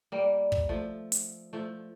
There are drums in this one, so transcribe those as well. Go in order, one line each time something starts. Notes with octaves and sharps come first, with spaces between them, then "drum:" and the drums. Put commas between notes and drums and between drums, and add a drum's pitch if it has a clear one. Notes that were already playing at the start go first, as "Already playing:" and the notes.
G3 A#3
drum: kick
F3 A3
drum: hi-hat
F3 A3